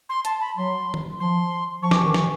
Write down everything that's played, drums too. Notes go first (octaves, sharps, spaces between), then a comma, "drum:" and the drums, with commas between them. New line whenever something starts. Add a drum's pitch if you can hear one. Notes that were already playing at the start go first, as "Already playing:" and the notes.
C6
A5, drum: hi-hat
B5
F#3 C6
drum: tom
F3 C6
F3 C#6
D6, drum: snare
E3 C#6
D#3
E3 C#6, drum: snare